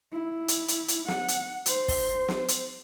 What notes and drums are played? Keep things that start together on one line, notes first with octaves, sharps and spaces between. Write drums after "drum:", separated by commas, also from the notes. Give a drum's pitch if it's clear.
E4
drum: hi-hat
drum: hi-hat
drum: hi-hat
F#5, drum: snare
drum: hi-hat
C5, drum: hi-hat
drum: kick, open hi-hat
drum: snare
drum: hi-hat